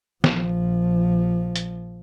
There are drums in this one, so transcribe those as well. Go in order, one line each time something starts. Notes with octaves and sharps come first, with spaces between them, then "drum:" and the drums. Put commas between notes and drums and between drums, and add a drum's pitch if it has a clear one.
A#1 F3, drum: snare
drum: hi-hat